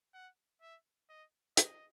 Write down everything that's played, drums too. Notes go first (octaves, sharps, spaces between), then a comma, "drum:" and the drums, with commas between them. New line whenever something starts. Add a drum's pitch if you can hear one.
F#5
E5
D#5
D#5, drum: hi-hat